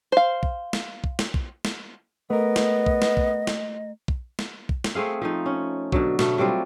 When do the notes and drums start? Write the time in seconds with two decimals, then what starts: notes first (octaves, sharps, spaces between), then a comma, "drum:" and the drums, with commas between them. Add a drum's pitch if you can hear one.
0.12 C5 F5
0.43 drum: kick
0.73 drum: snare
1.04 drum: kick
1.19 drum: snare
1.34 drum: kick
1.65 drum: snare
2.30 A3 B3 A#4 D#5
2.56 drum: snare
2.86 drum: kick
3.02 drum: snare
3.17 drum: kick
3.47 drum: snare
4.08 drum: kick
4.39 drum: snare
4.69 drum: kick
4.84 drum: snare
4.95 A3 C4 G#4 F5
5.22 F3 A3 D#4
5.46 C#4
5.92 B2 D3 F#3, drum: kick
6.19 B2 A3, drum: snare
6.38 F#3 G3 C4 F4